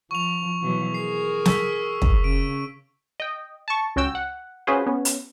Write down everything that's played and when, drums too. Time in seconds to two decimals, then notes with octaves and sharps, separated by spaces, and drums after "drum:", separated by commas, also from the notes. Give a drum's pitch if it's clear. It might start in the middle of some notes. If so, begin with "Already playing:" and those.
0.11 F3 C#6 F7
0.62 B2 E3 F#3
0.94 G#4 A#4 C7
1.45 C#6 E6 B6, drum: snare
2.02 drum: kick
2.24 C#3 D7
3.20 D#5 G5
3.68 A5 C#6
3.96 C#2 C#4 F#4 G5 E6
4.15 F#5
4.67 C#4 F4 F#4 G#4 B4 C5
4.86 B3 C#4
5.05 drum: hi-hat